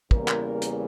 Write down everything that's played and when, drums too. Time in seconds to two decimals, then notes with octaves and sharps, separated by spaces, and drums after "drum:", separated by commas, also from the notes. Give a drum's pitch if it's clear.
0.11 E2 C#3 E3 G3 A#3 A#4, drum: kick
0.28 drum: clap
0.62 drum: hi-hat